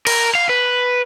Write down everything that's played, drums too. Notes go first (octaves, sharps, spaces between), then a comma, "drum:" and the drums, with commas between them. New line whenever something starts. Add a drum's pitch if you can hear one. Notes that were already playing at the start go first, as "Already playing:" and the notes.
A#4, drum: cymbal
F5
B4